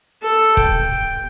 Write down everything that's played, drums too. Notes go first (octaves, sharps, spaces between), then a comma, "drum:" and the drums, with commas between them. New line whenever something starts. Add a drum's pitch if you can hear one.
A4
G5, drum: kick